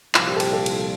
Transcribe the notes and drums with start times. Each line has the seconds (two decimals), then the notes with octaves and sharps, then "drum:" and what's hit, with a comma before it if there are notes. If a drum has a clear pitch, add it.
0.15 C2 A#2 F3 F4, drum: clap
0.27 G4
0.36 A4
0.40 G4, drum: cymbal
0.53 A4
0.66 drum: cymbal